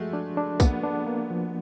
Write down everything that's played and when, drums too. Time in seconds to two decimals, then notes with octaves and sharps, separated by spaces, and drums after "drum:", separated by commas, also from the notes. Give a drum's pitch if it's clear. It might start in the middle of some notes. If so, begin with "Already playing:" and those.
Already playing: F3 G#3 A3 F#4
0.13 D4
0.37 D4
0.60 A#3 B3, drum: kick, tambourine
0.83 D4
1.07 A#3
1.30 F3